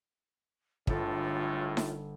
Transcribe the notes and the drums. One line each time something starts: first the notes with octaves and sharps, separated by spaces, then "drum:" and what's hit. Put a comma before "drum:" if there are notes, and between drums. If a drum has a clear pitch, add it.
G1 C#2 A2 F4 A4, drum: kick
drum: snare D#4